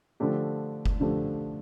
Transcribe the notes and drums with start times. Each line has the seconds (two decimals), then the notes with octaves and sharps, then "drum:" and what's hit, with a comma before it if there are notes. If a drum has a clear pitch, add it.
0.20 D3 F3 A3 D4 G4
0.85 drum: kick F#1
1.00 D3 F3 A3 D4 G4